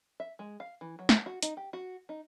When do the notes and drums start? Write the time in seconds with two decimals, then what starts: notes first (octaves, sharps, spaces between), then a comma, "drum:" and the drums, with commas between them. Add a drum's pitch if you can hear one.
0.20 E5
0.39 G#3
0.60 F5
0.81 E3
0.99 F#3
1.09 drum: snare
1.26 F#4
1.42 D#4, drum: hi-hat
1.57 G4
1.73 F#4
2.09 D#4